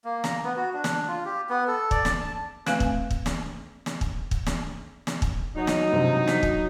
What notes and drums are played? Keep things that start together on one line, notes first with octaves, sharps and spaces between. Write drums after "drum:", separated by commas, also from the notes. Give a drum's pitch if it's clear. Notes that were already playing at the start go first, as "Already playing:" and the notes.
A#3
A#5, drum: snare
B3
F#4
D4
drum: snare
F4
G4
B3
A4
D5, drum: kick
drum: snare
A5
A3 C4 B4 F5 G#5, drum: snare
drum: kick
drum: kick
drum: snare
drum: snare
drum: kick
drum: kick
drum: snare
drum: snare
drum: kick
F#3 D#4 F#4 C#5
drum: snare
G2 C3 F3
B6, drum: snare
drum: kick